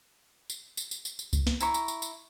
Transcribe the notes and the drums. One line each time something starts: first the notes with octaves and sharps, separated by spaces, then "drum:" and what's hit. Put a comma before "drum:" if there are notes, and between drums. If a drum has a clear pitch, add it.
drum: tambourine
drum: tambourine
drum: tambourine
drum: tambourine
drum: tambourine
drum: kick C#2, tambourine
drum: snare
E4 A#5 C#6, drum: tambourine
drum: tambourine
drum: tambourine
drum: tambourine